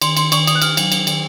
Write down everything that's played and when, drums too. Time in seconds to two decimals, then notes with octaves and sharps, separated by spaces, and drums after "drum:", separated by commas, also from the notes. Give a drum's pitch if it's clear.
0.02 D#3 C6, drum: cymbal
0.17 D#3 C6, drum: cymbal
0.32 D#3 C#6, drum: cymbal
0.47 D#3 D#6, drum: cymbal
0.55 F#6
0.62 D#3 F6, drum: cymbal
0.77 F#3, drum: cymbal
0.92 F#3, drum: cymbal
1.07 D#3, drum: cymbal